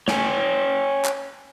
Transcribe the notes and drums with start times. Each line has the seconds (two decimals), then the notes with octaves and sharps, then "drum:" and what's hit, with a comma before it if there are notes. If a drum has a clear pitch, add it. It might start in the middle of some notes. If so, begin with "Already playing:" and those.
0.08 C#5 G5 G#5, drum: snare
1.05 drum: clap